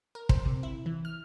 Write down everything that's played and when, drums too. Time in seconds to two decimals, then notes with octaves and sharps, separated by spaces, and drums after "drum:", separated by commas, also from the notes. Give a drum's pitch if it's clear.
0.15 A#4
0.29 C5, drum: kick
0.45 C3
0.63 E4
0.86 E3
1.05 F6